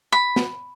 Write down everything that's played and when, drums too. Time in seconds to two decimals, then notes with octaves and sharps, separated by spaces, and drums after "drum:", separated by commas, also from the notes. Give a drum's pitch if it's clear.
0.12 B5
0.36 drum: snare